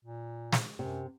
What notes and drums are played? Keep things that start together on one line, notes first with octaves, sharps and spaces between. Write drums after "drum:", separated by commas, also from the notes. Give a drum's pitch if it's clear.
A#2
drum: snare
F#2 C3